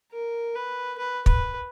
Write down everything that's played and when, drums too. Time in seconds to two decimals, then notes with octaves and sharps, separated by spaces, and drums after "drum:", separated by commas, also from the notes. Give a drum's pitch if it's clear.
0.12 A#4
0.56 B4
0.98 B4
1.26 B4, drum: kick